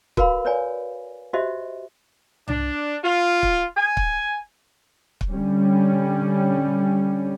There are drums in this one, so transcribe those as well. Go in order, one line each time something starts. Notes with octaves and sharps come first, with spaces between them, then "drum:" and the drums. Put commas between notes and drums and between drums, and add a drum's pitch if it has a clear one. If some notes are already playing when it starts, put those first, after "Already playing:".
F#4 A#4 B4 F5 B5, drum: kick
B4 C#5 D5 G#5
F#4 G4 C5 D#5 E5
D4, drum: tom C2
F4
drum: kick
G#5
drum: kick
drum: kick
D3 G3 C#4